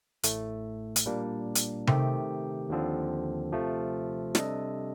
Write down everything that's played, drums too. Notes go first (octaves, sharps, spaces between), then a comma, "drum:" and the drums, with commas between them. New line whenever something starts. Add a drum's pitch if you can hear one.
A1 A2 A3, drum: hi-hat
drum: hi-hat
A#2 G3 A#3 D4
drum: hi-hat
C3 D#3 A3 C4 G4, drum: tom C3
D#2 D3 F3 C4
C3 F3 A3
C3 G3 D4 A4 D#5, drum: snare